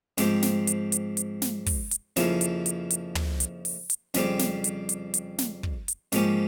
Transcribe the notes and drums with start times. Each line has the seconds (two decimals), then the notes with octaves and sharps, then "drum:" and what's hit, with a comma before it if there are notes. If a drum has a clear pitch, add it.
0.18 G#2 F3 C4 G4 C5, drum: snare
0.42 drum: snare
0.67 drum: hi-hat
0.92 drum: hi-hat
1.17 drum: hi-hat
1.42 drum: snare
1.66 drum: kick, open hi-hat
1.91 drum: hi-hat
2.16 F2 C#3 F3 A#3 E4, drum: snare
2.41 drum: hi-hat
2.66 drum: hi-hat
2.90 drum: hi-hat
3.15 drum: tom
3.40 drum: hi-hat
3.65 drum: open hi-hat
3.90 drum: hi-hat
4.14 F2 C#3 G3 C4 G4, drum: snare
4.39 drum: snare
4.64 drum: hi-hat
4.89 drum: hi-hat
5.14 drum: hi-hat
5.38 drum: snare
5.63 drum: kick
5.88 drum: hi-hat
6.12 G#2 F3 A#3 C#4 G4, drum: snare